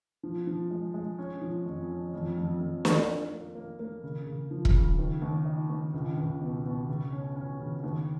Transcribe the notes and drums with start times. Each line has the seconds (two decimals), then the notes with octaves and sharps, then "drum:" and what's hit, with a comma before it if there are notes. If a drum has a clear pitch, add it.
0.23 F3
0.47 F3
0.71 G#3
0.94 G#3
1.18 C#4
1.41 F3
1.66 F2
1.90 C#4
2.14 F2
2.37 F2
2.60 F2
2.85 D#4, drum: snare
3.09 A#3
3.32 A#3
3.55 A#3
3.79 A#3
4.04 C#3
4.27 C#3
4.51 F3
4.65 drum: kick E1
4.74 C#3
4.99 D#3
5.22 D#2
5.45 D#4
5.70 D#2
5.94 C#2
6.17 C#2
6.41 B2
6.65 B2
6.88 C#3
7.12 C#4
7.36 C#4
7.60 C#3
7.83 D#2